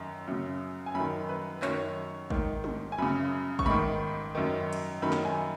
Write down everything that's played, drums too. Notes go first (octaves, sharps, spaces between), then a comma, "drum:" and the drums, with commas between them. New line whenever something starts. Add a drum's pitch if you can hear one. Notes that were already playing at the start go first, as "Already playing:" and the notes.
Already playing: F#2 D#3
F#2 C#3
G#5
F#2 D#3 B5
B4
F#2 D#3 C#5, drum: clap
G#2 D#3, drum: kick G#1
drum: tom
G#5
F#2 C#3 B5
C#6, drum: kick G#1
G#2 D#3 B5
F#2 D#3
drum: cymbal
F#2 D#3 B5
drum: snare
G#5